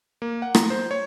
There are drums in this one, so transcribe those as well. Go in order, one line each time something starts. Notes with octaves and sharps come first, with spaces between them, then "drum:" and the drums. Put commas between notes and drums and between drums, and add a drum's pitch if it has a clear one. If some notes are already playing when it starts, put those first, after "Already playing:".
A#3
F#5
A#5, drum: rim click
C5
C#5